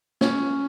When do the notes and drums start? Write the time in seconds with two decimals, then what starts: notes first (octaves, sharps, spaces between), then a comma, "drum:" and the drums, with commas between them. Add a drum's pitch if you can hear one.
0.21 C#4, drum: snare